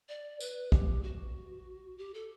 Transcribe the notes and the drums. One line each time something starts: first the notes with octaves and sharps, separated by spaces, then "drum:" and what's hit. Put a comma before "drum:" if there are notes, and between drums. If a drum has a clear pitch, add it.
D5
B4, drum: tambourine
G4, drum: kick
F#4
G4
A4